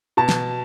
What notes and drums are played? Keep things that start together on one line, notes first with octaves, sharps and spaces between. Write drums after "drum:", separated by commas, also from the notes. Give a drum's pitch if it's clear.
B2 A5
drum: snare